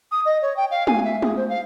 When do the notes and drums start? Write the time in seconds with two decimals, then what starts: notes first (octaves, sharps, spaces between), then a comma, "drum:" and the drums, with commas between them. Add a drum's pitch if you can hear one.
0.11 D#6
0.25 D#5
0.42 C#5
0.56 G5
0.71 F5
0.87 G#5, drum: tom G#3
1.04 E5
1.22 G#4, drum: tom G#3
1.36 C5
1.49 F5